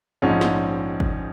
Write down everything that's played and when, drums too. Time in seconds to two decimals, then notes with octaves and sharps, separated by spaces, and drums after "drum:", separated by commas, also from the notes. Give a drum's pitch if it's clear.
0.22 A#1 G#2 F3 G#3 C#4
0.41 drum: snare
1.00 drum: kick